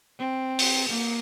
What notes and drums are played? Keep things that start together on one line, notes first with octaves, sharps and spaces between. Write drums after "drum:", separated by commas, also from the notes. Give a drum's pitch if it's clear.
C4
drum: open hi-hat
A#3